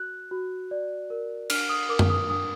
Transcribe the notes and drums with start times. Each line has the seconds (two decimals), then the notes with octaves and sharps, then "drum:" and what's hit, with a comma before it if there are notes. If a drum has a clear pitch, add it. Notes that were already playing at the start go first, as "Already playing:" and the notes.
Already playing: F#4 F#6
0.31 F#4
0.71 D5
1.10 A#4
1.50 D4 F6, drum: cymbal
1.69 D#6
1.89 A#4 D6
1.99 drum: tom F#2
2.10 D#6
2.29 D4 D#6